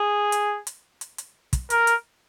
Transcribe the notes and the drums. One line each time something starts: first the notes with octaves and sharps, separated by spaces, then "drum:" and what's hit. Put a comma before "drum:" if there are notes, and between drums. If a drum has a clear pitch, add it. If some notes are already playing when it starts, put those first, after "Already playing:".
Already playing: G#4
drum: hi-hat
drum: hi-hat
drum: hi-hat
drum: hi-hat
drum: kick, hi-hat
A#4, drum: hi-hat
drum: hi-hat